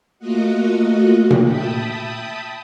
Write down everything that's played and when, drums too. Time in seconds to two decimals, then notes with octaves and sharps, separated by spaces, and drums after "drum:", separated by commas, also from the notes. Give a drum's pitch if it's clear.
0.19 A3 A#3 F4 F#4 D#5 F#5
1.30 drum: tom A#2
1.44 E5 G5 A5 B5 D#6